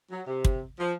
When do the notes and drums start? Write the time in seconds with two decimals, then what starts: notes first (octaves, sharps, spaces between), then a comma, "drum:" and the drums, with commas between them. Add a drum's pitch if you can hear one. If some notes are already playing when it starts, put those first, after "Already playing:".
0.11 F#3
0.27 C3
0.45 drum: kick
0.79 F3